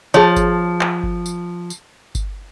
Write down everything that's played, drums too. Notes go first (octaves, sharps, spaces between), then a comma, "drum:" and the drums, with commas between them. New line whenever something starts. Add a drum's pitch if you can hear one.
F3 G#4 C#5
drum: kick G1, tambourine
drum: clap
drum: kick G1
drum: tambourine
drum: tambourine
drum: kick G1, tambourine